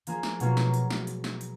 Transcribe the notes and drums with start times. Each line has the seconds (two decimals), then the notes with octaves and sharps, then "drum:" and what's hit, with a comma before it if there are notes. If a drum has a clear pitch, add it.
0.07 F3 A#3 F4 G#4, drum: hi-hat
0.23 drum: snare
0.40 B2 F#3 A#3 F4, drum: hi-hat
0.57 drum: snare
0.74 drum: hi-hat
0.90 drum: snare
1.07 drum: hi-hat
1.24 drum: snare
1.41 drum: hi-hat